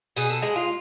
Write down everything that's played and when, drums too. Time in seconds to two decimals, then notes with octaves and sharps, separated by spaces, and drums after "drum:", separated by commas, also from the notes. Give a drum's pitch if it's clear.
0.16 B2 G#4, drum: tambourine
0.30 A4
0.42 G#3 G#4
0.56 F4